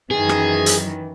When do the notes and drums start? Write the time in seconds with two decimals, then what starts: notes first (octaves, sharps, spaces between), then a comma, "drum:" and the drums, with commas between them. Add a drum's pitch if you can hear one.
0.11 F#2 D#3 E3 G#4
0.29 drum: rim click
0.66 drum: hi-hat